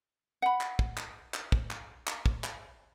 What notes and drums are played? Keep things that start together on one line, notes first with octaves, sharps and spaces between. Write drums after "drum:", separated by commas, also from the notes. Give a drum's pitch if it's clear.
F#5 B5
drum: clap
drum: kick
drum: clap
drum: clap
drum: kick
drum: clap
drum: clap
drum: kick
drum: clap